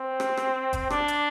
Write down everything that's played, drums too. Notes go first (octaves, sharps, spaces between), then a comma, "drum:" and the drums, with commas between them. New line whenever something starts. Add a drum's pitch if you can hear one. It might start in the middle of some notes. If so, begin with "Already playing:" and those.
Already playing: C4
drum: rim click
drum: rim click
drum: kick, hi-hat
D4, drum: rim click
drum: hi-hat